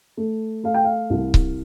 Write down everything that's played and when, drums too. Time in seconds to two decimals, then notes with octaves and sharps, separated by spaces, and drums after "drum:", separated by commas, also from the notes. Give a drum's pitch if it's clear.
0.17 A3
0.64 A3 F5
0.74 G5
0.84 F5
1.10 C2
1.34 drum: kick C#1